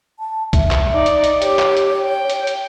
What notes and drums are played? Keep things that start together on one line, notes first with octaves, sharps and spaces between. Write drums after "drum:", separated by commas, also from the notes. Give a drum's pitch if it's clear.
A5
E5, drum: kick, hi-hat
drum: clap
D#4 D5
drum: hi-hat
drum: hi-hat
G4 C#5, drum: hi-hat
drum: clap
drum: hi-hat
G5
drum: hi-hat
drum: hi-hat